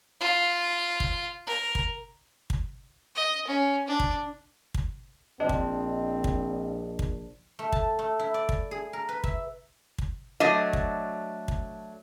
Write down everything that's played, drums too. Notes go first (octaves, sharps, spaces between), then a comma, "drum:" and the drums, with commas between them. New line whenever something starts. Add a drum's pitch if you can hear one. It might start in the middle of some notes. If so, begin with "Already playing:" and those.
F4
drum: kick
A#4
drum: kick
drum: kick
D#5
C#4
D4
drum: kick
drum: kick
A#1 F3 C4 D4 D#5
drum: kick
drum: kick
drum: kick
A3
A5, drum: kick
A3
E4
D5
drum: kick
G#4
A#4
B4
E5, drum: kick
drum: kick
F#3 A3 D4 D#5
drum: kick
drum: kick